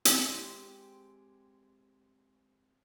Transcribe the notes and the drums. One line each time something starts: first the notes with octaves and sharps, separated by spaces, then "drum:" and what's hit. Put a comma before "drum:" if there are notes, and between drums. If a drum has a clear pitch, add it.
G#3 C4 G4, drum: hi-hat